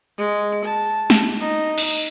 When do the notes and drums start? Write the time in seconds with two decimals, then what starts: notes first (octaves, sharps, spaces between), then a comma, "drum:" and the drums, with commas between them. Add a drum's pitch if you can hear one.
0.18 G#3
0.65 A5
1.10 drum: snare
1.41 D#4
1.78 drum: cymbal